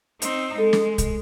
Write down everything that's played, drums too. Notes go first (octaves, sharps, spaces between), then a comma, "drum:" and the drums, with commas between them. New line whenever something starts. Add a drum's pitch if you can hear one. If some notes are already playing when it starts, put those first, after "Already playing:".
C4 D#4, drum: hi-hat
G#3 A4
drum: snare
drum: kick, hi-hat